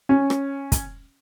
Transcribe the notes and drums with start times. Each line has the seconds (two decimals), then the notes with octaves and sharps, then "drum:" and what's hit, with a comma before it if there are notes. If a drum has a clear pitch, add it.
0.09 C#4
0.30 drum: rim click
0.72 drum: kick, hi-hat